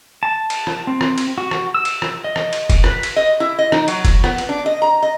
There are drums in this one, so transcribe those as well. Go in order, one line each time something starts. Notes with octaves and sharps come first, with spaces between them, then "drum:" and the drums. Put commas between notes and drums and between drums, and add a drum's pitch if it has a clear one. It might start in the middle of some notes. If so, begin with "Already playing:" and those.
A5
drum: cymbal
drum: rim click
C4
drum: rim click
drum: cymbal
F#4
drum: rim click
E6
drum: cymbal
drum: rim click
D#5
drum: rim click
drum: cymbal
drum: kick, cymbal
B4, drum: rim click
drum: cymbal
D#5
E4
D#5
D#4, drum: rim click
F#3, drum: cymbal
drum: kick, cymbal
B3, drum: rim click
drum: cymbal
D4
D#5
A#5
D#5